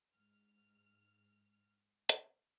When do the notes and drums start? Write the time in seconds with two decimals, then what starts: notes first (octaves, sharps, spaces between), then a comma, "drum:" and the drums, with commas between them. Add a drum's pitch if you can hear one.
0.15 G#2 F6
2.09 drum: hi-hat